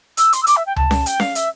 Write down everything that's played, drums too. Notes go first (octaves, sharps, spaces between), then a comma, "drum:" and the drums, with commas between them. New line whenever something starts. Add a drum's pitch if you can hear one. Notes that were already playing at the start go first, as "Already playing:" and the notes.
E6, drum: hi-hat
C6, drum: hi-hat
E6
D6, drum: hi-hat
E5
G5
A5, drum: tom C#2
drum: snare C#4
G5, drum: hi-hat
F5, drum: snare C#4
E5, drum: hi-hat